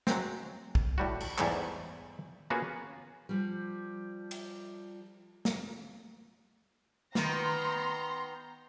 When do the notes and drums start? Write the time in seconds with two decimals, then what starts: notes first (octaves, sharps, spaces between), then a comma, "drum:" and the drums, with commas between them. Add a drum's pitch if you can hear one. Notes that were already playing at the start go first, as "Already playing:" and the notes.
0.07 F#3 G#3 C4, drum: snare
0.75 drum: kick
0.98 A2 G3 F#4
1.20 drum: cymbal
1.38 E2 G#2 G3 A3 C#5 A5, drum: clap
2.50 A#3 B3 C#4 F4 F#4 G#4
3.29 F3 G3
4.31 drum: cymbal
5.45 drum: snare
7.15 D#3 B3 A#5 C6, drum: snare